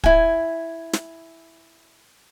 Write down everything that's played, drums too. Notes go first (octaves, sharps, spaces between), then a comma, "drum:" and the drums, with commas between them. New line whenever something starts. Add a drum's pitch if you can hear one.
E4 G#5, drum: kick
drum: snare